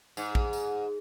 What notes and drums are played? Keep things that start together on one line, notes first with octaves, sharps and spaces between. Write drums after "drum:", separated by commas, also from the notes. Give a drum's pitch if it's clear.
G#2, drum: tambourine
drum: kick A#1
drum: tambourine